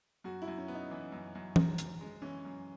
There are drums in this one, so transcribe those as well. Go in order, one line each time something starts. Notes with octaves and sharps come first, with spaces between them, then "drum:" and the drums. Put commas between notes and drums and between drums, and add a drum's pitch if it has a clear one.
F#2 F#4
E4
F#2
C#4
B3
D#4
E3
F#2
F#2
F#2, drum: tom
F#2, drum: hi-hat
G#3
E3 C#4
F#2